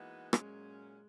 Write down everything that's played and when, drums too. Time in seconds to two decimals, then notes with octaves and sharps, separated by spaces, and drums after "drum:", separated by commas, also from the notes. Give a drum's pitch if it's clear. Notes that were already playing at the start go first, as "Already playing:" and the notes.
Already playing: E3 G#3 A#3 B3 D#4 F#4
0.33 A#2 F#3 G#3 C#4, drum: rim click